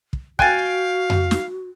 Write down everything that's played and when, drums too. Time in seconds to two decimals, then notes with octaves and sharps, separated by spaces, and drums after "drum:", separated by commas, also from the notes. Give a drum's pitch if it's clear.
0.13 drum: kick
0.39 F#4 F5 G5 G#5 F#6 A6, drum: kick
1.10 drum: tom F2
1.31 drum: snare